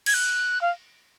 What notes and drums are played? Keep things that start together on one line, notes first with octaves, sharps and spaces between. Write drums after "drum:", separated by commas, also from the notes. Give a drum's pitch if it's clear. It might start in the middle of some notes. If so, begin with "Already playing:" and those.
G#6, drum: cymbal
F#6
F5